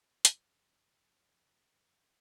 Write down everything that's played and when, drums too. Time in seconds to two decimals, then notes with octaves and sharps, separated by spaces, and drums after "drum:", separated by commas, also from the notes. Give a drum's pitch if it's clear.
0.25 F#2 C#3 F3, drum: hi-hat